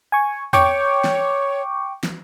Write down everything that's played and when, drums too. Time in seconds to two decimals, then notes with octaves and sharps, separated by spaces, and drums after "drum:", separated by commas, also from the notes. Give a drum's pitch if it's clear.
0.12 G#5 C#6
0.53 C#5 G5 C#6 D6, drum: tom E2
1.04 drum: snare
2.03 drum: snare